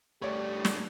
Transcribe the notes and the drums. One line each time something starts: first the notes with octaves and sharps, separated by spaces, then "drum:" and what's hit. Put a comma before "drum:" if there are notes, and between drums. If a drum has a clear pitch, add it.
G2 A3 G4 C#5 D5
drum: snare